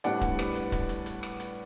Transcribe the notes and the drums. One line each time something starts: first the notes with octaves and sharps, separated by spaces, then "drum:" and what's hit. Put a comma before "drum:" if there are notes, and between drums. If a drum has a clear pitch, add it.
A2 G3 B3 D4 D5 F#5, drum: hi-hat
drum: kick D1, hi-hat
B4, drum: rim click
drum: hi-hat
drum: kick D1, hi-hat
drum: hi-hat
drum: hi-hat
drum: rim click
drum: hi-hat